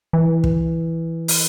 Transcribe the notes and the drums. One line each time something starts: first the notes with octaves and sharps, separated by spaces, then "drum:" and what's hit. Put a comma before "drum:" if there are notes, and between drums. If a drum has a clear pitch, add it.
E3
drum: kick
drum: open hi-hat